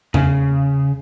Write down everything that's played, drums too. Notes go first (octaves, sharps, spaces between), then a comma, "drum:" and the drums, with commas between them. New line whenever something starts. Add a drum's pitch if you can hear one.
C#3, drum: tom E2